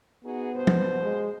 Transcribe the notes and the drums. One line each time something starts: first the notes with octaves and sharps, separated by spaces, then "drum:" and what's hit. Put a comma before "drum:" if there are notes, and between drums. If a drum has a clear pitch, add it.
B3 D#4 F#4 G#4
G2 B2 C5
drum: tom F3
G#3